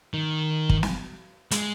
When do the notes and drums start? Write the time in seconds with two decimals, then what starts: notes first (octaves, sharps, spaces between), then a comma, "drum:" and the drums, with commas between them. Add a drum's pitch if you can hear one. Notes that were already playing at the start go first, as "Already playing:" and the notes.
0.14 D#3
0.69 drum: kick
0.83 drum: snare
1.51 G#3, drum: hi-hat